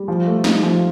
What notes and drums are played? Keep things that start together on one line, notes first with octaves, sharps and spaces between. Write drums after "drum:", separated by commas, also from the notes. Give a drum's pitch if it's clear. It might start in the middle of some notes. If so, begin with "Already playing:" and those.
Already playing: G3
F3
A3
D#4, drum: snare
F3